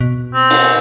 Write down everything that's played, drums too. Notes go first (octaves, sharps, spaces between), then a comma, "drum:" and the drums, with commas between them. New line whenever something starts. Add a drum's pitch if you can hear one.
B2
C4
drum: cymbal